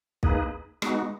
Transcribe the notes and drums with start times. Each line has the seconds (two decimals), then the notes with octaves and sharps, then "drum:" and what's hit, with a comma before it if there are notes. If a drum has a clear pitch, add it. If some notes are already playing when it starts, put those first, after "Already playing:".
0.23 A#3 D#4 G#4 B4, drum: kick
0.82 G#3 B3 D#4 F#4, drum: rim click